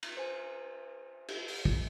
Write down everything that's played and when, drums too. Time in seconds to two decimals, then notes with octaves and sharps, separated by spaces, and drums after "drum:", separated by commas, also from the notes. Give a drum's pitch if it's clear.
0.03 drum: cymbal
0.17 C5 G#5
1.28 drum: cymbal
1.48 drum: open hi-hat
1.65 drum: kick